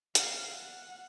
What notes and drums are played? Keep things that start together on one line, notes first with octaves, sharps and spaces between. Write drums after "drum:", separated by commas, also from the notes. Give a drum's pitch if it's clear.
F5, drum: hi-hat
F#5